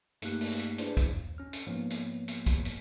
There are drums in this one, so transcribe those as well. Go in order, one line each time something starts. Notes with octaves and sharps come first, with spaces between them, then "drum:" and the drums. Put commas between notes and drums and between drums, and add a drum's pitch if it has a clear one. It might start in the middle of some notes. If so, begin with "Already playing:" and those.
G2 A3 A#3 D#4 G4 F#6, drum: hi-hat
drum: open hi-hat
drum: hi-hat
D4 E4 G#4 B4 C5 D5, drum: hi-hat
drum: kick, hi-hat
D#2
C#4 F6
drum: hi-hat
G#2 F3 A#3 B3 C#5
drum: hi-hat
drum: hi-hat
drum: kick, hi-hat
drum: hi-hat